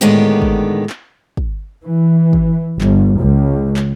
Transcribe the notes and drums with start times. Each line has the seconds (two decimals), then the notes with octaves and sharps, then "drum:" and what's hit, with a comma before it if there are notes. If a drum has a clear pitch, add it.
0.01 A2 D3 D#3 G#3 B3 G4
0.42 drum: kick
0.90 drum: clap
1.37 drum: kick
1.82 E3
2.33 drum: kick
2.81 G1, drum: clap
3.20 C#2
3.76 drum: clap